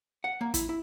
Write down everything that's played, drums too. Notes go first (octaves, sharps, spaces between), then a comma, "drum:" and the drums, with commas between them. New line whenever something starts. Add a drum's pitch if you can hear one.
F#5
A#3
E4, drum: kick, hi-hat
E4